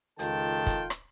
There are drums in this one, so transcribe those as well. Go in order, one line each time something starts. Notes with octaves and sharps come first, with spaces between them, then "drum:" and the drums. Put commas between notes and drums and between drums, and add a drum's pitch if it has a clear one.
C#2 D#3 F4 A4 G5 A5, drum: hi-hat
drum: kick, hi-hat
drum: rim click